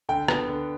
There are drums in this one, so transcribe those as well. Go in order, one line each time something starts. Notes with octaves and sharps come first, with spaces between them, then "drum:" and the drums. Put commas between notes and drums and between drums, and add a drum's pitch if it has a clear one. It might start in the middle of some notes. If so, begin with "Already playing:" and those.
D3 G5
B3, drum: rim click
D3